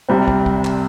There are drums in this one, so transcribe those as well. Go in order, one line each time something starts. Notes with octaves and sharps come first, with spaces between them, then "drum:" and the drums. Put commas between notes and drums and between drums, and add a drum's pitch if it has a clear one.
C2 C3 G3 C4
drum: kick
drum: kick
drum: clap